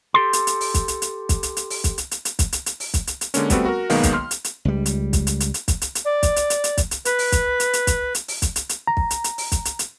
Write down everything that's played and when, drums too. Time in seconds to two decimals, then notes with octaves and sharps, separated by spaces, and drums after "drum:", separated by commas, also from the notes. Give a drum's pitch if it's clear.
0.14 G4 A4 C6
0.33 drum: hi-hat
0.47 drum: hi-hat
0.61 drum: open hi-hat
0.74 drum: kick, hi-hat
0.88 drum: hi-hat
1.02 drum: hi-hat
1.29 drum: kick, hi-hat
1.43 drum: hi-hat
1.57 drum: hi-hat
1.70 drum: open hi-hat
1.84 drum: kick, hi-hat
1.98 drum: hi-hat
2.11 drum: hi-hat
2.25 drum: hi-hat
2.39 drum: kick, hi-hat
2.53 drum: hi-hat
2.66 drum: hi-hat
2.80 drum: open hi-hat
2.94 drum: kick, hi-hat
3.07 drum: hi-hat
3.21 drum: hi-hat
3.34 D3 G#3 A#3 C#4, drum: hi-hat
3.50 G3 A3 B3 C4 F#4, drum: kick, hi-hat
3.65 F#4 A#4
3.90 B1 D#3 G#3 A#3 B3 F5, drum: open hi-hat
4.03 drum: kick, hi-hat
4.13 C6 F6
4.31 drum: hi-hat
4.44 drum: hi-hat
4.65 C#2 G3
4.86 drum: hi-hat
5.13 drum: kick, hi-hat
5.27 drum: hi-hat
5.40 drum: hi-hat
5.54 drum: hi-hat
5.68 drum: kick, hi-hat
5.82 drum: hi-hat
5.95 drum: hi-hat
6.05 D5
6.23 drum: kick, hi-hat
6.36 drum: hi-hat
6.50 drum: hi-hat
6.64 drum: hi-hat
6.77 drum: kick, hi-hat
6.91 drum: hi-hat
7.05 B4, drum: hi-hat
7.19 drum: open hi-hat
7.32 drum: kick, hi-hat
7.60 drum: hi-hat
7.73 drum: hi-hat
7.87 drum: kick, hi-hat
8.15 drum: hi-hat
8.28 drum: open hi-hat
8.42 drum: kick, hi-hat
8.56 drum: hi-hat
8.69 drum: hi-hat
8.87 A#5
8.97 drum: kick
9.10 drum: hi-hat
9.24 drum: hi-hat
9.38 drum: open hi-hat
9.52 drum: kick, hi-hat
9.65 drum: hi-hat
9.79 drum: hi-hat